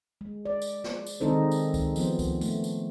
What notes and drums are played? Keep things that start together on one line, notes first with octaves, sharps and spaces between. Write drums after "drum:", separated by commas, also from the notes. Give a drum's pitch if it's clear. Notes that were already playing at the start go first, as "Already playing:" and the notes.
G#3
D5
drum: tambourine
drum: snare
drum: tambourine
D#3 G#3 C4 D#4 A4 C5
drum: tambourine
drum: kick C#2, tambourine
F3 B3 C5, drum: tambourine
drum: kick C#2, tambourine
A3, drum: tambourine
drum: tambourine